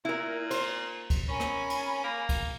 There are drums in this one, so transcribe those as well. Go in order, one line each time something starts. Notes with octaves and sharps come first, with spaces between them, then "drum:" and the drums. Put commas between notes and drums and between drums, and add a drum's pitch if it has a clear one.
A#2 E4 A#4
C5, drum: cymbal
drum: kick C#2, cymbal
C#4 A#4 G#5 B5
drum: rim click
drum: cymbal
A#3
drum: kick C#2, cymbal